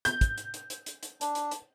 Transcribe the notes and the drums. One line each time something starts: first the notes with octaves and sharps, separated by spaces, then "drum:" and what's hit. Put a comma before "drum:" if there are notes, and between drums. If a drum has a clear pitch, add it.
G6, drum: hi-hat
drum: kick, hi-hat
drum: hi-hat
drum: hi-hat
drum: hi-hat
drum: hi-hat
drum: hi-hat
D4, drum: hi-hat
drum: hi-hat
drum: hi-hat